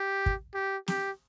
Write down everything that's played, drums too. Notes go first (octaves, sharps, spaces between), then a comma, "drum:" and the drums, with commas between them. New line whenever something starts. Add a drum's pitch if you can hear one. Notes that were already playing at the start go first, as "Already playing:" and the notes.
Already playing: G4
drum: kick
G4
G4, drum: snare